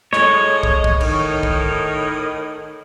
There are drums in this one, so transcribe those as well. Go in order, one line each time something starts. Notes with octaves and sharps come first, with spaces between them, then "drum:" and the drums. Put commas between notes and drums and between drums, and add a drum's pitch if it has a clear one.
A2 G#3 C#5 D#5, drum: snare
drum: kick
drum: kick
A2 D#3, drum: cymbal
drum: kick